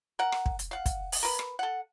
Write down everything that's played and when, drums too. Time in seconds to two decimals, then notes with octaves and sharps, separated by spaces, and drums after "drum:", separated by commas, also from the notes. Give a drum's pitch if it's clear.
0.19 A#4 F#5
0.32 drum: rim click
0.46 drum: kick
0.59 drum: hi-hat
0.71 F5 F#5
0.86 drum: kick, hi-hat
1.12 drum: open hi-hat
1.23 A#4 B4
1.39 drum: rim click
1.59 A4 F#5